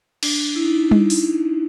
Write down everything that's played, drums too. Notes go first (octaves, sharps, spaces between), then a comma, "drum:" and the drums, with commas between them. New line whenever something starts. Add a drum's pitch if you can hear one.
D4, drum: cymbal
E4
D#4
drum: tom G3
drum: open hi-hat